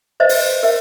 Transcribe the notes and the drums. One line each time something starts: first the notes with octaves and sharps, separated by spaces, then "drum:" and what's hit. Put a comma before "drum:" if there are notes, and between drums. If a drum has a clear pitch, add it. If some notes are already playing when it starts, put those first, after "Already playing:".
B4 C5 D#5 E5
drum: open hi-hat
A#4 E5